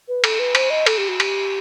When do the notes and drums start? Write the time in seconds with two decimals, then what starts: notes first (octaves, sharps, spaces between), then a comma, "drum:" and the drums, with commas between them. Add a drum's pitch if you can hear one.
0.08 B4
0.24 A4, drum: cymbal
0.39 B4
0.55 C5, drum: cymbal
0.70 D#5
0.86 A4, drum: cymbal
0.98 G4
1.09 F#4
1.20 G4, drum: cymbal